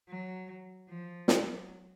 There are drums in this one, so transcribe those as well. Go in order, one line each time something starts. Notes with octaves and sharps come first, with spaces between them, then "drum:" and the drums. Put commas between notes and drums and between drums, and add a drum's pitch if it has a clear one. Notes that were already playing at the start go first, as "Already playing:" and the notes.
F#3
F3
F#3, drum: snare